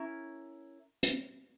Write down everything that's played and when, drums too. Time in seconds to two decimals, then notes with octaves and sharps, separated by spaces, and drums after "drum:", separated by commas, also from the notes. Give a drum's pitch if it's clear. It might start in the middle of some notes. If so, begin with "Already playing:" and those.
Already playing: C#4 E4 A#4
1.03 drum: hi-hat